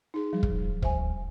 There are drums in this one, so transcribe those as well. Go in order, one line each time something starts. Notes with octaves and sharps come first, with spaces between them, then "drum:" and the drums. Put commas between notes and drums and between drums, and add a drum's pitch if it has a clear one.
D#4 G#4
F3 G3
drum: kick
D2 C5 E5 G#5, drum: kick